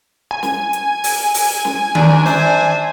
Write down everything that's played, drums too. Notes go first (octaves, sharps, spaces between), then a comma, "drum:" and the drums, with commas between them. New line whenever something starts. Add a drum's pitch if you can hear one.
G#5
drum: snare
drum: hi-hat
drum: open hi-hat
drum: open hi-hat
drum: snare
D#2 D4, drum: tom D#3
D4 C5 E5, drum: snare